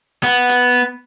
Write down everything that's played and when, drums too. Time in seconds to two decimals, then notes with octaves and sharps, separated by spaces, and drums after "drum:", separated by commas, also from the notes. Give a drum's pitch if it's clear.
0.23 B3, drum: hi-hat
0.49 drum: hi-hat